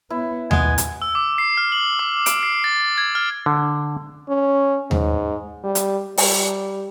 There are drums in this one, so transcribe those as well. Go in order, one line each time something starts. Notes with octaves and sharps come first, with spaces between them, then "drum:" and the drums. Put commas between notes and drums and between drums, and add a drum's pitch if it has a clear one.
B3 E4
B1 A#2 G#3 B3 G#5, drum: tom D#2
drum: hi-hat
E6
D6
C7
F6
F#7
D6
D7, drum: hi-hat
C7
A6
G#6
F6
D3
C#4
G#2, drum: tom D#2
G3
drum: hi-hat
G3, drum: open hi-hat